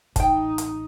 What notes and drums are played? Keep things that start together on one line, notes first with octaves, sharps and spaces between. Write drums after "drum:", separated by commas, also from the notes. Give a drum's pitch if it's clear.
A1 D#4 G5 A5, drum: kick, hi-hat
drum: hi-hat